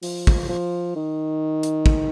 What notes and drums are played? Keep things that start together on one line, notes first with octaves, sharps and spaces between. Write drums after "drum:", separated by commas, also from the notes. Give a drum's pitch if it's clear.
F3, drum: open hi-hat
drum: kick
F3
D#3
drum: hi-hat
drum: kick